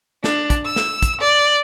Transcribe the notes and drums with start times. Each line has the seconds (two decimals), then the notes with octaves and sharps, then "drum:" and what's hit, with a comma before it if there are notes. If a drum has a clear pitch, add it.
0.24 D4, drum: snare
0.50 drum: kick, hi-hat
0.65 E6
0.76 drum: snare
1.02 drum: kick, hi-hat
1.21 D5